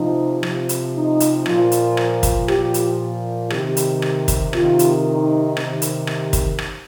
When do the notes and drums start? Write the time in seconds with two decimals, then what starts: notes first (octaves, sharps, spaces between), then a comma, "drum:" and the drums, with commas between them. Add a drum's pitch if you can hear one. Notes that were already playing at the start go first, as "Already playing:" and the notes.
Already playing: C3 F3 D#4
0.43 C3 F3, drum: rim click
0.69 drum: hi-hat
0.95 D#4
1.20 drum: hi-hat
1.46 A#2 F3 F4, drum: rim click
1.72 drum: hi-hat
1.97 drum: rim click
2.23 drum: kick, hi-hat
2.48 A#2 F3 G4, drum: rim click
2.74 drum: hi-hat
3.50 C3 D#3 G4, drum: rim click
3.77 drum: hi-hat
4.02 drum: rim click
4.28 drum: kick, hi-hat
4.53 C3 D#3 F4, drum: rim click
4.79 drum: hi-hat
5.05 D#4
5.57 C3 D#3, drum: rim click
5.82 drum: hi-hat
6.07 drum: rim click
6.33 drum: kick, hi-hat
6.59 drum: rim click